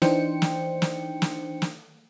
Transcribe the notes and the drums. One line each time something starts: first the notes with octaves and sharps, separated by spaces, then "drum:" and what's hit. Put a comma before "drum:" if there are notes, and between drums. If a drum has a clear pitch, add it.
E3 D4 D#4 C5 G5 C#7, drum: snare
drum: snare
drum: snare
drum: snare
drum: snare